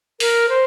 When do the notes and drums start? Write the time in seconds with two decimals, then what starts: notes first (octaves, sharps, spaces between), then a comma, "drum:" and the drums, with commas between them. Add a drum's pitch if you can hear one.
0.20 A#4, drum: open hi-hat
0.49 C5